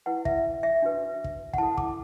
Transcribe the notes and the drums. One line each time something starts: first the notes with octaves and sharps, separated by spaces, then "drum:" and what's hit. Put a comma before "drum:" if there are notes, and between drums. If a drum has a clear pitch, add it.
E4 B4 F#5
E5, drum: kick
E5
D4 F#4 B4
drum: kick
F#5, drum: kick
E4 A4 A5
D6, drum: kick